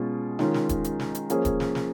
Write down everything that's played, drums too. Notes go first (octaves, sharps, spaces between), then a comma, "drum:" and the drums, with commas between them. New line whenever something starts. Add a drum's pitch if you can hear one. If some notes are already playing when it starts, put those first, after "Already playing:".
Already playing: B2 G#3 C#4 F4
D#3 G#3 C#4 F4 G#4, drum: snare
drum: snare
drum: kick D#1, hi-hat
drum: hi-hat
drum: snare
drum: hi-hat
F3 A#3 C#4 G#4, drum: hi-hat
drum: kick D#1, hi-hat
drum: snare
drum: snare